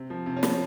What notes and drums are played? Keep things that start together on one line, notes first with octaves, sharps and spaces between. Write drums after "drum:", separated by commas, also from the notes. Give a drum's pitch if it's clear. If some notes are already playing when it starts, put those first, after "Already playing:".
Already playing: C3
F3
C3
C#4
F3, drum: snare